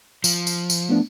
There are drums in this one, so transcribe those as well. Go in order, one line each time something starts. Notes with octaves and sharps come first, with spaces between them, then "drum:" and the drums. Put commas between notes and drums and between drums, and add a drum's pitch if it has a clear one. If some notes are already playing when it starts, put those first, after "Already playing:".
F3, drum: tambourine
drum: tambourine
drum: tambourine
A3 B3 D4